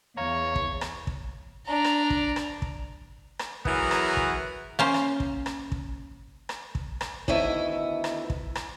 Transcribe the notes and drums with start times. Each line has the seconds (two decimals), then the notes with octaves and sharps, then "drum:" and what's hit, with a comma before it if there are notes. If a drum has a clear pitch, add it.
0.17 E2 C#5 F5 A#5
0.55 drum: kick
0.81 drum: rim click
1.07 drum: kick
1.65 D4 A#5
1.85 drum: rim click
2.10 drum: kick
2.36 drum: rim click
2.62 drum: kick
3.39 drum: rim click
3.65 E3 F#3 B3 E4 G#4 A#4, drum: kick
3.91 drum: rim click
4.17 drum: kick
4.79 A#3 C#4 C5
4.94 drum: rim click
5.20 drum: kick
5.46 drum: rim click
5.72 drum: kick
6.49 drum: rim click
6.75 drum: kick
7.01 drum: rim click
7.28 D2 D#3 B3 E4 D#5 E5, drum: kick
8.04 drum: rim click
8.30 drum: kick
8.55 drum: rim click